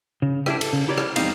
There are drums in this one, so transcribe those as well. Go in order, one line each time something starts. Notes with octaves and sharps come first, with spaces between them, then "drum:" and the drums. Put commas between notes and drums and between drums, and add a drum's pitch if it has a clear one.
C#3
D4 E4 G4, drum: rim click
A4, drum: cymbal
C#3
E4 G4 A#4 C#5 D5
drum: rim click
E2 G3 G#3 C4 D#4 F5, drum: cymbal